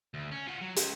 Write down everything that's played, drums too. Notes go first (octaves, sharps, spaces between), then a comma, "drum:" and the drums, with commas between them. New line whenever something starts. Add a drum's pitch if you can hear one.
D2
C#4
F4 F#5
F#3
C#2, drum: hi-hat